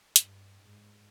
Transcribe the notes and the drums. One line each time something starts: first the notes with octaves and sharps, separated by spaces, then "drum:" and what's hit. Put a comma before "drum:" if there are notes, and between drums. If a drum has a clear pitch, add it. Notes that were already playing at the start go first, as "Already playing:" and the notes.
G2, drum: hi-hat
G#2